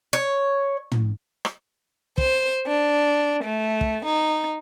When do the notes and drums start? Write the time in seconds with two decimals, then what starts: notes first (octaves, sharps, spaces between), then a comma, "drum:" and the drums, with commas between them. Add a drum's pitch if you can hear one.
0.13 C#5
0.92 drum: tom
1.45 drum: rim click
2.18 C5, drum: kick
2.66 D4
3.44 A3
3.81 drum: kick
4.04 D#4